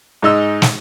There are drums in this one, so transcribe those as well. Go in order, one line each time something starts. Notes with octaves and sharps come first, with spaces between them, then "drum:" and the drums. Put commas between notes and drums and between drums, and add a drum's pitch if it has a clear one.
G#2 G#3 D#4 D#5 E6
drum: snare